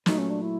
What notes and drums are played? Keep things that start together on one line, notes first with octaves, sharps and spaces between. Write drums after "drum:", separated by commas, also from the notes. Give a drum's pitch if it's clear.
A#2 F#3 A3 D#4, drum: snare
C#4
D4
E4